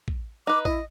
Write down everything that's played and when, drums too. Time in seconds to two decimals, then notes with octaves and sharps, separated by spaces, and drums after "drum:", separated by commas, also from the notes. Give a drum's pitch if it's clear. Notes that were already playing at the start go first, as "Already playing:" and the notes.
0.08 drum: kick
0.47 D#4 B4 D6
0.65 E4 D#5, drum: kick